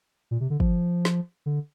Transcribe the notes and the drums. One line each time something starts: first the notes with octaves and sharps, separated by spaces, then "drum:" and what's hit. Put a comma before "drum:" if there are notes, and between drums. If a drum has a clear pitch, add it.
A#2
C3
D3
F3, drum: kick
drum: snare
D3